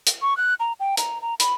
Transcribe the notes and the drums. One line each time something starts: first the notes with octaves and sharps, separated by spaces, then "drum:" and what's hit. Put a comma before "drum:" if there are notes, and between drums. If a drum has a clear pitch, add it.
drum: hi-hat
C#6
F#6
A#5
G5
A#5, drum: hi-hat
A#5
B5, drum: hi-hat